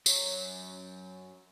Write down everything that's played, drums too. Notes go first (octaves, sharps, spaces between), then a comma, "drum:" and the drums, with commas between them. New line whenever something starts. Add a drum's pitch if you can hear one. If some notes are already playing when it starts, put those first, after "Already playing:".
F#2 C#5, drum: tambourine